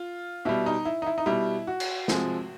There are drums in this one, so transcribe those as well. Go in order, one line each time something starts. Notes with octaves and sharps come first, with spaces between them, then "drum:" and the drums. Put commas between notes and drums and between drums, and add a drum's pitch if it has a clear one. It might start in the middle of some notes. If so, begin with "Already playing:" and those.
Already playing: F4
B2 G3 E4
D#4
E4
D#4
E4
D#4
B2 G3 E4
F#4
drum: cymbal
C3 F3 G#3, drum: snare